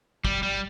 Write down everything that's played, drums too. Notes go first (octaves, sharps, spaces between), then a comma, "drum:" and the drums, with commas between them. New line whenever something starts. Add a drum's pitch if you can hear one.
G3, drum: kick
G3